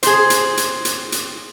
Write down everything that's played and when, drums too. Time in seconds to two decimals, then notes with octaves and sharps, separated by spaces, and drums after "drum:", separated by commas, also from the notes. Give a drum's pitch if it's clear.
0.03 G#4 C5, drum: hi-hat
0.30 drum: hi-hat
0.57 drum: hi-hat
0.85 drum: hi-hat
1.12 drum: hi-hat